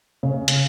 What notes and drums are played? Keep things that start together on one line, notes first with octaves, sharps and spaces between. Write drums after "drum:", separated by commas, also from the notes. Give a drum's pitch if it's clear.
C#3
drum: hi-hat